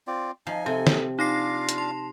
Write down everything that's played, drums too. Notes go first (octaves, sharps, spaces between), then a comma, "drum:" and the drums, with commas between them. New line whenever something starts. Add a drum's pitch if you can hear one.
C4 F4 D5
F3 D#4 D#5 G#5
C3 G4 A4
drum: snare
D4 D#4 F4 F5 D6 A#6 C7
drum: hi-hat
A5 C6